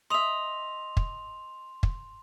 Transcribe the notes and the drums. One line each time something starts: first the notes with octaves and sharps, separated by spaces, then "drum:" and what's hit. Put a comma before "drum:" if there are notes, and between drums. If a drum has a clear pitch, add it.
D#5 E5 C6 F7
drum: kick
drum: kick